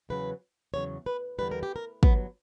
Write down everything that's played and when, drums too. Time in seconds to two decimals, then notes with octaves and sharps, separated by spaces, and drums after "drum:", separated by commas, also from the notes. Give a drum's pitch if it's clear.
0.09 E2 C#3 F#3 B4
0.74 E2 C#3 F#3 C#5
1.06 B4
1.38 E2 D3 G3 B4
1.51 A#4
1.63 G4
1.76 A#4
2.03 G2 F#3 B3, drum: kick